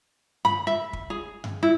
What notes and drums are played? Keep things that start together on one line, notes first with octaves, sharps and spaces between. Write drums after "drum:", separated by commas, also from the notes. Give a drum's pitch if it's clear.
B5, drum: tom G2
E5
drum: kick
G#4
drum: tom G2
E4